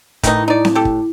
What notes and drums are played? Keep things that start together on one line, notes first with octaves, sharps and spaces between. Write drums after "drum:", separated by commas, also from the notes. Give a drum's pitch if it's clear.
A2 D#3 E3 D#4, drum: kick G1, hi-hat
D#4 D5
drum: snare C4
G4 A4
drum: kick G1